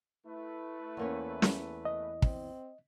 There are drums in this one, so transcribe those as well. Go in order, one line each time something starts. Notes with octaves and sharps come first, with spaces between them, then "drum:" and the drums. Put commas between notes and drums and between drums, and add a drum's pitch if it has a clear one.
A3 E4 B4
E2 A#3 C#4
drum: snare
D#5
C4, drum: kick